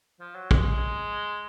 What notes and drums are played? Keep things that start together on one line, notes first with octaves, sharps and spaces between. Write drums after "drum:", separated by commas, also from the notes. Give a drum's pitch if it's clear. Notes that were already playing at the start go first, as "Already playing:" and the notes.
F3
F#3
G#3, drum: kick